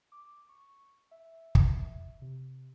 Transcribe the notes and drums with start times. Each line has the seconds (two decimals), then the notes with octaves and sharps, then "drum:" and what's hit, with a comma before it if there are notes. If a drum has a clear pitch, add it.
0.12 D6
0.49 C#6
1.11 E5
1.55 drum: kick
2.22 C3